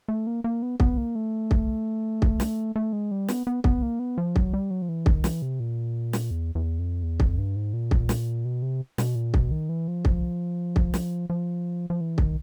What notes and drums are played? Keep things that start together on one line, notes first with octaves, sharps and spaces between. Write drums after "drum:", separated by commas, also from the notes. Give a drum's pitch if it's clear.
A3
A#3
A#3
B3
B3, drum: kick
A#3
A3
drum: kick
drum: kick
drum: snare
A3
G#3
G3
B3, drum: snare
B3
B3, drum: kick
A#3
B3
F3
F#3, drum: kick
G3
F#3
F3
E3
D#3, drum: kick
E3, drum: snare
C3
A#2
drum: snare
E2
E2
F2
E2
F2, drum: kick
G2
G#2
A#2
drum: kick
drum: snare
B2
C3
B2, drum: snare
A#2
B2, drum: kick
D#3
E3
F3
drum: kick
drum: kick
drum: snare
F3
F3
E3
D#3, drum: kick